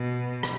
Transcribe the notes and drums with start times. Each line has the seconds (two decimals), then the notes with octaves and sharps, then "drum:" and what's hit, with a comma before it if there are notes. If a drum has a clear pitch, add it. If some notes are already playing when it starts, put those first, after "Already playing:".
Already playing: B2
0.43 drum: rim click